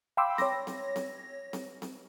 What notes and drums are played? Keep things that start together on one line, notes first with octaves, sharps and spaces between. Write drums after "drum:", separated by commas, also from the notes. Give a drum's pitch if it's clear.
F5 G5 B5 C6 D6 E6
C#5 A#6, drum: snare C4
drum: snare C4
drum: snare C4
drum: snare C4
drum: snare C4